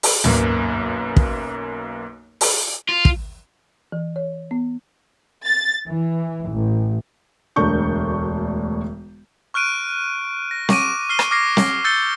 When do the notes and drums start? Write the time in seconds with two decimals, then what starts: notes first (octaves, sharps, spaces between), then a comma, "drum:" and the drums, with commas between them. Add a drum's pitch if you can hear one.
0.03 drum: open hi-hat
0.24 B1 F#2 A#3 B4, drum: tom
1.16 drum: kick
2.41 drum: open hi-hat
2.89 F4
3.05 drum: kick
3.92 E3
4.16 C#5
4.51 B3
5.44 A6
5.86 E3
6.48 A1
7.56 E1 D2 D4 A#4 C#6 G6
9.54 C#6 F6 F#6 D7 D#7
10.51 A#6
10.69 C#6 D6 D7 D#7, drum: snare
11.09 F6 C7 G7
11.19 drum: rim click
11.31 D6 F6 G#6 A#6 C7 D#7
11.57 drum: snare
11.84 E6 G6 A6 C#7 G7